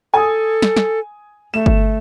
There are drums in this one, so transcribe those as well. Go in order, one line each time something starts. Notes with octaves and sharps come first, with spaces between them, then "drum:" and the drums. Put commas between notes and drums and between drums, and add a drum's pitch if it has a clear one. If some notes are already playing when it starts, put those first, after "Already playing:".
A4 G#5 D#6
drum: snare
drum: snare
A3 E7
drum: kick G1